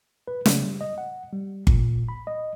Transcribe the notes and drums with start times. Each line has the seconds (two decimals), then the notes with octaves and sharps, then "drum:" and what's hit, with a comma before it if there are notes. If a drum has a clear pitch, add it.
0.28 B4
0.46 C#3, drum: snare
0.62 G3
0.81 D#5
0.98 F#5
1.33 G3
1.67 A#2, drum: kick G1
2.09 B5
2.27 D#5